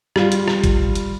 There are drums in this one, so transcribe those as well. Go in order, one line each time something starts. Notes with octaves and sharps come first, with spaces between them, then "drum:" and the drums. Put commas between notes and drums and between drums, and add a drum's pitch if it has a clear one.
G3 F4, drum: rim click
drum: hi-hat
drum: rim click
drum: kick, hi-hat
drum: hi-hat